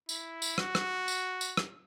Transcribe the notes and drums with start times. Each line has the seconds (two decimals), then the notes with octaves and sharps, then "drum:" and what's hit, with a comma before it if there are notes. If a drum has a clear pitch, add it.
0.09 E4, drum: tambourine
0.42 drum: tambourine
0.58 F#4, drum: rim click
0.75 drum: rim click
1.08 drum: tambourine
1.41 drum: tambourine
1.57 drum: rim click